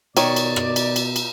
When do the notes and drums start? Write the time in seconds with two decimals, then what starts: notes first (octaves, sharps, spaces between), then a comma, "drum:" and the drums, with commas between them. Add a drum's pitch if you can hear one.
0.17 B2 D#3 C#5 D5, drum: cymbal
0.36 drum: cymbal
0.56 drum: rim click
0.76 drum: cymbal
0.96 drum: cymbal
1.16 drum: cymbal